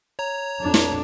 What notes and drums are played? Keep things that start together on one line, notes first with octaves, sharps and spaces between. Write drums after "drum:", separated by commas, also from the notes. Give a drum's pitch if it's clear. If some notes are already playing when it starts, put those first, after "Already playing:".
C#5 A#5
F2 D4
drum: snare